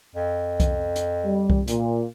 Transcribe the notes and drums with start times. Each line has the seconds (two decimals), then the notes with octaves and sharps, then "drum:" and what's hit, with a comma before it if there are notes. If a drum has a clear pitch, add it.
0.15 F2
0.60 drum: kick C2, hi-hat
0.96 drum: hi-hat
1.25 G3
1.50 drum: kick C2
1.68 A#2, drum: hi-hat